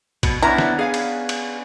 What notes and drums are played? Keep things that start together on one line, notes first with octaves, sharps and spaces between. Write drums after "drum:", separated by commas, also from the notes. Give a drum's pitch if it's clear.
B2, drum: kick A1, cymbal
B3 C#4 D4 E4 A#5
drum: snare
G#4 F5 G#5
drum: cymbal
drum: cymbal